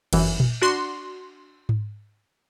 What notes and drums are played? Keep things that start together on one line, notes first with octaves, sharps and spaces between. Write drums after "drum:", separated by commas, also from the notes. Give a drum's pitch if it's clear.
G1 F#2 E3, drum: cymbal
drum: tom A#2
D4 F#4 C6
drum: tom G#2